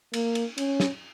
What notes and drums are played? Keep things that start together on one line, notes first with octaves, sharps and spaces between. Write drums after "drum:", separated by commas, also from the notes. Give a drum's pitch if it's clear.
A#3, drum: cymbal
drum: cymbal
C#4, drum: cymbal
drum: snare